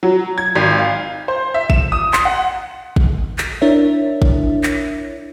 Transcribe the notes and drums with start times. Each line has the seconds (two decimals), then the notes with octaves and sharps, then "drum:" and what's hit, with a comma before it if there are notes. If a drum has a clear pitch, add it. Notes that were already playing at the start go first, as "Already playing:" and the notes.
0.03 F#3
0.38 G#6
0.56 G#1
0.79 F5
1.28 C5
1.54 E5
1.70 E7, drum: kick
1.92 D#6
2.13 C6, drum: clap
2.25 F#5
2.96 drum: kick
3.38 drum: clap
3.62 D4 E4 A#4 C#5 E5
4.22 drum: kick
4.63 drum: clap